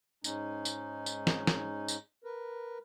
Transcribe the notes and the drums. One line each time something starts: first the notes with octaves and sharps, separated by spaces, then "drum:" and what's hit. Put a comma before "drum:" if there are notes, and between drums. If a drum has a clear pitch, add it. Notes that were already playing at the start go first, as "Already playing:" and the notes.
G#2 G#3 C#4 D#4, drum: tambourine
drum: tambourine
drum: tambourine
drum: snare
drum: snare
drum: tambourine
A#4 B4